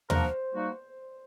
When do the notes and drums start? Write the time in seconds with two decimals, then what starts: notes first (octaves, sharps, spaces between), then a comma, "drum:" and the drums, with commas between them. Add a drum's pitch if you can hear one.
0.10 F3 A#3 D4 F#4 A#4 C5, drum: tom
0.53 G3 A#3 D#4 F#4